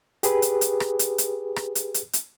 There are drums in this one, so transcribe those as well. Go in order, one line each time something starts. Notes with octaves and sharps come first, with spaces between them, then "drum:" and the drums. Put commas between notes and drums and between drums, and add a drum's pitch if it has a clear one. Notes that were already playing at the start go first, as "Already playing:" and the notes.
G4 G#4 B4, drum: hi-hat
drum: hi-hat
drum: hi-hat
drum: rim click
drum: hi-hat
drum: hi-hat
drum: rim click
drum: hi-hat
drum: hi-hat
drum: hi-hat